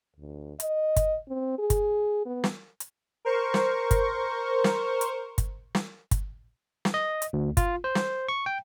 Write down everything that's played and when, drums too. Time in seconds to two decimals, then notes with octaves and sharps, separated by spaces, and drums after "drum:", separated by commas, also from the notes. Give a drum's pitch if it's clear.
0.16 D2
0.60 D#5, drum: hi-hat
0.96 drum: kick, hi-hat
1.28 C4
1.58 G#4
1.70 drum: kick, hi-hat
2.26 B3
2.44 drum: snare
2.80 drum: hi-hat
3.25 A#4 C5 C#6
3.54 drum: snare
3.91 drum: kick, hi-hat
4.64 drum: snare
5.01 drum: hi-hat
5.38 drum: kick, hi-hat
5.75 drum: snare
6.11 drum: kick, hi-hat
6.85 drum: snare
6.94 D#5
7.22 drum: hi-hat
7.33 D2
7.57 F4, drum: kick, hi-hat
7.84 C5
7.95 drum: snare
8.29 C#6
8.46 G5